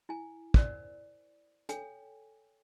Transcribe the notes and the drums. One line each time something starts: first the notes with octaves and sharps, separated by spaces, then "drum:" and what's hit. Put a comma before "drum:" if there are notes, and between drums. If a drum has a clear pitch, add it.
E4 G#5
A#4 C5 D5, drum: kick
A4 C#5 G5 G#5, drum: hi-hat